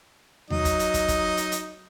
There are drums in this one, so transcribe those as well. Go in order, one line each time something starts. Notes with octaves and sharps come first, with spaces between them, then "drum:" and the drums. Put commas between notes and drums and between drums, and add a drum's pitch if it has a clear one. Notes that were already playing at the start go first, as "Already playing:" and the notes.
F#3 D#4 D#5, drum: tom D#2
drum: kick, hi-hat
drum: hi-hat
drum: kick, hi-hat
drum: kick, hi-hat
drum: hi-hat
drum: hi-hat